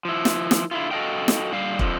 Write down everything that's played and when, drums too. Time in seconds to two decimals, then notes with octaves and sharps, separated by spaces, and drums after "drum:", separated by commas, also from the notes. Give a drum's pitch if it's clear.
0.05 F3 E4
0.25 drum: snare
0.51 drum: snare
0.71 D3 E4 F4
0.91 F#4 A4 D#5 F5 G5
1.28 drum: snare
1.51 A#2 D3 G3 F5
1.79 F2 D3 F3, drum: kick